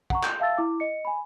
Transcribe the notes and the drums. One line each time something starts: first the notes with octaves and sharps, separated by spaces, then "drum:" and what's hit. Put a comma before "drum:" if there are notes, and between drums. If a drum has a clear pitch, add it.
F#5 A#5 C#6, drum: kick
G6, drum: clap
E5 F5 A5 E6 A6
E4 D6
D#5 C#7
G#5 B5